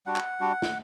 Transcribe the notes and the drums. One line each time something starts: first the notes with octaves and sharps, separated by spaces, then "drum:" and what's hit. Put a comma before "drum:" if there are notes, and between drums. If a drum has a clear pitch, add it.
G3 D4 F#4 F#5
drum: clap
G3 D4 F#4
drum: snare